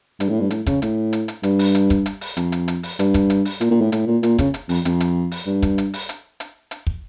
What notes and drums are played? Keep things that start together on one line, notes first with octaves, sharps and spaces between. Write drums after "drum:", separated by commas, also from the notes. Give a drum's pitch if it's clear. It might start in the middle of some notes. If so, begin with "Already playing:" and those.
G2, drum: hi-hat
A2
G2
A2, drum: hi-hat
C#3, drum: kick, hi-hat
A2, drum: hi-hat
drum: hi-hat
drum: hi-hat
G2, drum: hi-hat
drum: open hi-hat
drum: hi-hat
drum: kick, hi-hat
drum: hi-hat
drum: open hi-hat
F2, drum: hi-hat
drum: hi-hat
drum: hi-hat
drum: open hi-hat
G2, drum: hi-hat
drum: kick, hi-hat
drum: hi-hat
drum: open hi-hat
A#2, drum: hi-hat
A#2
A2
A2, drum: hi-hat
A#2
A#2, drum: hi-hat
C#3, drum: kick, hi-hat
drum: hi-hat
F2, drum: open hi-hat
F2, drum: hi-hat
drum: hi-hat
drum: open hi-hat
G2
drum: kick, hi-hat
drum: hi-hat
drum: open hi-hat
drum: hi-hat
drum: hi-hat
drum: hi-hat
drum: kick